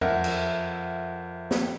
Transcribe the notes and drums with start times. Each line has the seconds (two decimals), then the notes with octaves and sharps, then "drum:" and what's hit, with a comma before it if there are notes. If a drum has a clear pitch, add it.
0.01 F2 A#4 E5 F#5, drum: tom E2
0.24 drum: cymbal
1.51 drum: snare